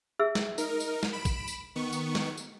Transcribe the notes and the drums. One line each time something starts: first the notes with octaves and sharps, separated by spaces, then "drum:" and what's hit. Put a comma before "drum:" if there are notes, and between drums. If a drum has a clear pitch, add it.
G#4 E5 E6
drum: snare
D#4 A#4, drum: tambourine
drum: tambourine
drum: snare
B5 D7 E7
drum: kick, tambourine
drum: tambourine
D#3 B3 C#6
drum: tambourine
drum: snare
drum: tambourine